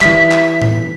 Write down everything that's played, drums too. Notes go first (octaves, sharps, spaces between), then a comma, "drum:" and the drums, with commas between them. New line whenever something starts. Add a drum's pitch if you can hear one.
E3 G3 E5 B6, drum: clap
drum: clap
drum: tom A2